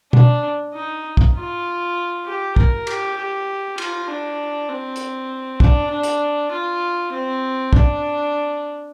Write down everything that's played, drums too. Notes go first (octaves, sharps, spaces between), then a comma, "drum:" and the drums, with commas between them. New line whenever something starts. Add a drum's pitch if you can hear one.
D4, drum: tom
D#4
drum: kick
F4
G4
A#4, drum: kick
G4, drum: cymbal
G4
F4, drum: cymbal
D4
C4
drum: hi-hat
D4, drum: kick
D4
drum: hi-hat
F4
C4
D4, drum: kick